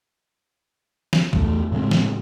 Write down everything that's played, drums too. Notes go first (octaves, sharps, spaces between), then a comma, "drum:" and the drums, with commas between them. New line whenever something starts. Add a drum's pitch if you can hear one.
drum: snare
E2 A3, drum: kick
A2 C#3 G#3 C4
drum: snare